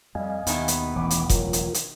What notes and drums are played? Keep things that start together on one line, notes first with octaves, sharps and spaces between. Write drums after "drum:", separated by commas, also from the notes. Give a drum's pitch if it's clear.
F2 G3 D#5 F5 G#5
D#2 B2 D#3 B3 E4, drum: hi-hat
drum: hi-hat
E1 A1 E2 E3 D6
drum: hi-hat
F#3 F4 A#4, drum: kick F1, hi-hat
drum: hi-hat
drum: hi-hat